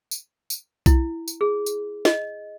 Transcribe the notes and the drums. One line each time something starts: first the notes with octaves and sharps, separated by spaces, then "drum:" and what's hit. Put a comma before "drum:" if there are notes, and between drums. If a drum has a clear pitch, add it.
drum: tambourine
drum: tambourine
E4, drum: kick B1, tambourine
drum: tambourine
G#4
drum: tambourine
D#5, drum: snare